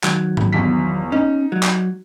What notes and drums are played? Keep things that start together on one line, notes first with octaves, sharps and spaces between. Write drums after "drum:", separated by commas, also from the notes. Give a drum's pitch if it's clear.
D#3 F#3, drum: clap
drum: tom G#2
G1 E2 B6
C#4 D#4
F#3
drum: clap